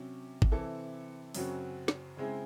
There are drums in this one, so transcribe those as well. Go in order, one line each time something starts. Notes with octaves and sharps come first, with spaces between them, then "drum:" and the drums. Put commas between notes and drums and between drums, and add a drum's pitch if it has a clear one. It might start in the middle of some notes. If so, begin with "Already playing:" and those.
Already playing: C3 F#3 C#4
drum: kick
C3 E3 C4 E4 A4
F#2 C#3 F#3 C4 F#4, drum: open hi-hat
drum: snare
C#3 G#3 C4 E4 G#4